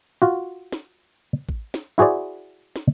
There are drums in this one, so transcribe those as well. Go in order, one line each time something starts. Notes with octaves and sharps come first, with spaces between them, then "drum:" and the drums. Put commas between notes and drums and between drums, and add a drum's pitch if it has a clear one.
F4 F#4
drum: snare
drum: kick A1
drum: snare
E4 F#4 G#4 C5 D5
drum: snare